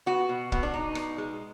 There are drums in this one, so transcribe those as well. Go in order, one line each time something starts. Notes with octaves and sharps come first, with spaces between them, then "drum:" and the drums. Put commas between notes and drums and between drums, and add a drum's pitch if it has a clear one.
B3 F#4
B2
B2 B3, drum: kick
D4
B2 D#4
B2, drum: rim click
G#3